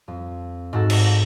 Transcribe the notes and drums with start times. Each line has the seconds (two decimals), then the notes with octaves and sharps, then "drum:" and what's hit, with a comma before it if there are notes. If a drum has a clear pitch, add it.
0.08 F2
0.73 G#2 F#4 A4
0.90 drum: cymbal